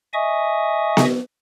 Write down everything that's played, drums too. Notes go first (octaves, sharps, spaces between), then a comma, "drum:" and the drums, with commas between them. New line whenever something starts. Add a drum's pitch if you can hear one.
D#5 E5 G#5 C#6 D#6
drum: snare B3